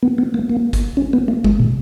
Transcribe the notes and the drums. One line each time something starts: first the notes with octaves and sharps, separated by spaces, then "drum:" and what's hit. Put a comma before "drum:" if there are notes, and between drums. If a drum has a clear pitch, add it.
B3
B3
A#3
A#3
drum: kick, hi-hat
C#4
B3
A#3
G#3, drum: kick
B2